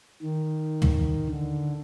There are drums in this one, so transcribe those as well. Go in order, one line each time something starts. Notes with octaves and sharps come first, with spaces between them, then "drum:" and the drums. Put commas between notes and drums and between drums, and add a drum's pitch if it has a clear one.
D#3
drum: tom
D3